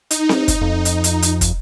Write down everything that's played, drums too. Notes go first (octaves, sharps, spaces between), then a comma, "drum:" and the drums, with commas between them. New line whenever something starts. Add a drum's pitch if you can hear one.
D#4, drum: hi-hat
drum: snare C4
drum: kick, hi-hat
F2
drum: hi-hat
drum: hi-hat
drum: hi-hat
drum: kick, hi-hat